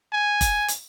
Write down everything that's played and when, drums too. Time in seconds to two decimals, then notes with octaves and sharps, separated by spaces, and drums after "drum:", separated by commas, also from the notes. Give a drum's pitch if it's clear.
0.13 G#5
0.41 drum: kick, hi-hat
0.68 drum: hi-hat